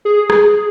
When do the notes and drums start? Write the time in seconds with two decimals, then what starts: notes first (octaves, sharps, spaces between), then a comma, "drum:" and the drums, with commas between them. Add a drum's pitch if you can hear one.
0.05 G#4
0.30 drum: rim click